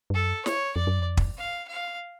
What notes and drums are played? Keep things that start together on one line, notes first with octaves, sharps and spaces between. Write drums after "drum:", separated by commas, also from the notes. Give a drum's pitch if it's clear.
G2
F#2 A4
C#5, drum: snare
F2 D5
F#2
F2
drum: kick
F5
F5